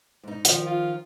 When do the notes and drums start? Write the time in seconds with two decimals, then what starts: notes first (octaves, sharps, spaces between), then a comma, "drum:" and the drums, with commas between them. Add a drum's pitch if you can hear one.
0.23 G#2 D#4
0.45 D#3 F3, drum: hi-hat
0.66 F4